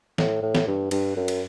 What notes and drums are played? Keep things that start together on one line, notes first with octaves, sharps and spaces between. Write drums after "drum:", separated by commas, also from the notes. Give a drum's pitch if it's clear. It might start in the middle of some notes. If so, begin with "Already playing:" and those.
A2, drum: snare
A2
drum: snare
G2
G2, drum: cymbal
F#2
drum: cymbal